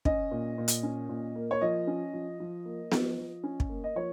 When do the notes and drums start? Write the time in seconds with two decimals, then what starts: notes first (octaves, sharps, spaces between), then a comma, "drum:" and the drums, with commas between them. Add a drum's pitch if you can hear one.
0.05 C#4 D#5, drum: kick
0.31 A#2
0.58 A#2
0.68 drum: hi-hat
0.83 C#4
1.09 A#2
1.36 A#3
1.51 C#5
1.61 F3 D#5
1.87 C#4
2.13 F3
2.40 F3
2.65 A#3
2.92 F3, drum: snare B3
3.18 F3
3.44 C#4
3.60 drum: kick
3.69 A#3
3.84 D#5
3.96 F3 C#5